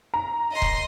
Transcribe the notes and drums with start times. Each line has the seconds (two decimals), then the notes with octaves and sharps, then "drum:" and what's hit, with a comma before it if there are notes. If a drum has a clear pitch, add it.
0.14 A#5
0.52 D#5 C6
0.62 drum: kick